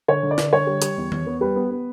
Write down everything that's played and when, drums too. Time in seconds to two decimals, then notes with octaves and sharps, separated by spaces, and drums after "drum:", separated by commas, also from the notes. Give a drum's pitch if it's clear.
0.08 D3 C#5
0.23 D3
0.31 D5
0.38 D3, drum: snare
0.53 D3 C#5
0.67 G3
0.82 G3, drum: hi-hat
0.97 E2
1.12 E2, drum: tom D#3
1.26 B3
1.41 G3 B4
1.56 B3
1.71 B3